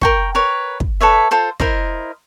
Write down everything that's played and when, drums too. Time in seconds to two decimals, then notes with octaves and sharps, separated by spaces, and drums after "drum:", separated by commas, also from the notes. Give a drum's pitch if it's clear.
0.01 A#4 G5 C#6, drum: kick
0.35 A#4 B4 C#5
0.80 drum: kick
1.01 A4 B4 C#5 E5
1.31 F4 A4 C5 C6
1.60 E4 A#4 C5 D#5, drum: kick